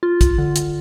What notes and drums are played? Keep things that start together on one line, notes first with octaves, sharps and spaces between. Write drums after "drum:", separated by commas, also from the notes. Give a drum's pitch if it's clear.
F4
drum: kick, hi-hat
D3
drum: hi-hat